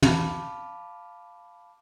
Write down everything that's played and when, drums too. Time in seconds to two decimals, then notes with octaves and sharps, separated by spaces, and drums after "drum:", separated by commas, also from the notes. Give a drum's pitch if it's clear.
0.03 F5 A5 B5 D6 F6, drum: tom